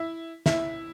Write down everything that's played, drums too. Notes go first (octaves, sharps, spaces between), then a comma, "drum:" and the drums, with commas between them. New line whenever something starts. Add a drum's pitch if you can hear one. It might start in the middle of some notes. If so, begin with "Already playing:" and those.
Already playing: E4 E5
E4 E5, drum: snare